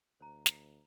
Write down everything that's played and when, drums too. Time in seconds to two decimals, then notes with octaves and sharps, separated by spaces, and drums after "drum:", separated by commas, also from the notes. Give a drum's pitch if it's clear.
0.21 D2 C5 A#5
0.46 drum: snare